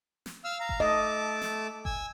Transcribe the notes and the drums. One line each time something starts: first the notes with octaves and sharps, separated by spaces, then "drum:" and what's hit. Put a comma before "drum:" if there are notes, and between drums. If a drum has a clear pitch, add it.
drum: snare
F5 E6 F6
F5 A#5
drum: kick G1
A3 D#5 A5 D6
drum: snare
G#5 E6, drum: kick G1